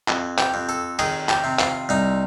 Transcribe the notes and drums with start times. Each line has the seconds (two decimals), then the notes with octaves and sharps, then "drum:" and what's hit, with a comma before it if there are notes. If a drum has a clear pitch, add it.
0.08 F2, drum: clap
0.38 G4, drum: clap
0.54 F2
0.69 A4
0.99 D#3 G#4, drum: cymbal
1.29 G4, drum: clap
1.44 C3
1.59 F4, drum: clap
1.89 C2 D#4